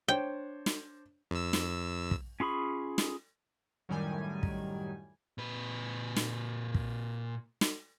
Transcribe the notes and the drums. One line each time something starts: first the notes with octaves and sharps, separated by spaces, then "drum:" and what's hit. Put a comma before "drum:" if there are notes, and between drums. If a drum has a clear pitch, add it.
D4 C5 C#5 G5
drum: snare
F2 E6
drum: snare
drum: kick
C#4 F4 G#4 B5 C#6
drum: snare
F#2 A2 D#3 G3 G#5
drum: kick
A#2 B4
drum: snare
drum: kick
drum: snare